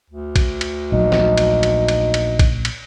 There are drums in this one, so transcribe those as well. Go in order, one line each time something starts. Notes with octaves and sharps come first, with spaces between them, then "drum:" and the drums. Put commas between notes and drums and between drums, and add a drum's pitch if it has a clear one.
D2
drum: kick A#1, cymbal
drum: cymbal
A#1 F#3 D#4
drum: snare
drum: cymbal
drum: cymbal
drum: cymbal
drum: cymbal
drum: kick A#1, cymbal
drum: cymbal